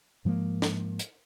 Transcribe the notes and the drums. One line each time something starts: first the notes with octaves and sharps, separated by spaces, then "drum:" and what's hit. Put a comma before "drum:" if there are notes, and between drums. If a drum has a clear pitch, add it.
G#2 F3 G#3 A#3
drum: snare
drum: hi-hat